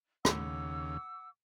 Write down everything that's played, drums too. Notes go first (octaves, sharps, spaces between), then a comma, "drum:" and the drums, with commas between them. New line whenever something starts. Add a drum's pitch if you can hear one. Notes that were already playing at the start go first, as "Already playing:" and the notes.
D#2 C#3 F#5 D6 E6, drum: rim click